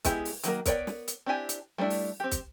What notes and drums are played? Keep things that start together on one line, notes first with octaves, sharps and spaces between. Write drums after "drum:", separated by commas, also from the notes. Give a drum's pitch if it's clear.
G#3 B3 E4 G4 G#4, drum: kick, hi-hat
drum: open hi-hat
D#3 F#3 A#3 A#4, drum: hi-hat
B3 A#4 C#5 D5 G5, drum: kick, hi-hat
drum: snare
drum: hi-hat
C4 D4 E4 G4 G#5
drum: hi-hat
G3 A3 C#4 D4 E4
drum: open hi-hat
C4 G4
drum: kick, hi-hat